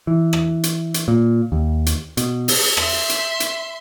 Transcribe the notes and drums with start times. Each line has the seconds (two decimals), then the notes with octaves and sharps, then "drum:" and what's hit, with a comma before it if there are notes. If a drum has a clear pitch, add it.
0.07 E3
0.33 drum: rim click
0.63 drum: hi-hat
0.94 drum: hi-hat
1.08 A#2
1.52 D#2
1.86 drum: hi-hat
2.17 B2, drum: hi-hat
2.48 drum: open hi-hat
2.77 E5 C6, drum: rim click
3.09 drum: hi-hat
3.40 drum: hi-hat